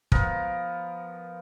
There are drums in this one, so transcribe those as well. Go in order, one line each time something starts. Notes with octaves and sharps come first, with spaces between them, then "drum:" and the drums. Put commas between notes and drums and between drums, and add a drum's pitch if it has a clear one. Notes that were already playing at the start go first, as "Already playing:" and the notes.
F3 B3 A#4, drum: kick